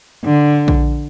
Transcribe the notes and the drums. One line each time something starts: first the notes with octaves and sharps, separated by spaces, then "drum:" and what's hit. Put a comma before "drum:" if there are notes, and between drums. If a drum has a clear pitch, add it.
D3
drum: kick A#1